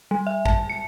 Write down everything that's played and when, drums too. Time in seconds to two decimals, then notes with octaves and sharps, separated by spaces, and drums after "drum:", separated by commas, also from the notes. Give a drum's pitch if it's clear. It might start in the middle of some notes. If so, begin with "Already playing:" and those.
0.11 G3
0.27 E5
0.45 A5, drum: kick
0.70 C#7